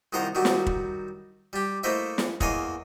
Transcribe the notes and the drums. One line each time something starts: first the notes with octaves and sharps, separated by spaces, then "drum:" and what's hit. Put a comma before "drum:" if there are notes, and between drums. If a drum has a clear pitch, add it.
C2 D#3 F3 C5 F#5 A#5
D#3 F#3 G3 F#4
drum: snare
drum: kick
G3 G4
A3 A#3 E4 C5 D#5 E5
drum: snare
E2 A#3 C#5 D#5 G#5 C6, drum: kick